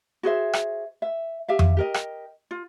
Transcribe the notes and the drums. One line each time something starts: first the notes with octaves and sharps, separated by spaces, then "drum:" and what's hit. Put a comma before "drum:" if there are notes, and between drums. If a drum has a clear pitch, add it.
F#4 G#4 C5 E5
drum: rim click
E5
G4 E5 F5
drum: tom F2
G4 A#4 D#5
drum: rim click
F4